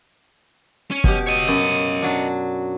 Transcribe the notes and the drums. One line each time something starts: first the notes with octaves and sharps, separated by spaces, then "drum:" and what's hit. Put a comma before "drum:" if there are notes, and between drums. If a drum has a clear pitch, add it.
C#4 C#5
B2 G4, drum: kick
C#5 D#5
F#2
F#3 D4